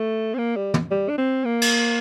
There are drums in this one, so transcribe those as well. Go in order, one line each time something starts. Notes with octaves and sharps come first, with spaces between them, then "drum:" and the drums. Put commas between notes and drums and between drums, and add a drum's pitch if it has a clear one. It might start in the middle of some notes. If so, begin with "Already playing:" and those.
Already playing: A3
C4
A#3
G3
drum: tom
G3
D4
C4
A#3
drum: cymbal